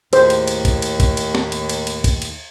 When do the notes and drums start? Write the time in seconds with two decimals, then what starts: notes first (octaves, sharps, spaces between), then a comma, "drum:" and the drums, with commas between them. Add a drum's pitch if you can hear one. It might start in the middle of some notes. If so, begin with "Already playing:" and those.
0.13 D#2 A2 G#4 C5, drum: cymbal
0.30 drum: cymbal
0.48 drum: cymbal
0.65 drum: kick B1, cymbal
0.82 drum: cymbal
1.00 drum: kick B1, cymbal
1.17 drum: cymbal
1.35 drum: snare
1.52 drum: cymbal
1.69 drum: cymbal
1.87 drum: cymbal
2.04 drum: kick B1, cymbal
2.22 drum: cymbal